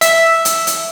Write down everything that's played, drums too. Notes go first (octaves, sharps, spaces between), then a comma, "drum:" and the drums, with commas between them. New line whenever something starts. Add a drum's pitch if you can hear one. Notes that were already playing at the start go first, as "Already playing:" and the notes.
E5, drum: hi-hat
drum: hi-hat
drum: hi-hat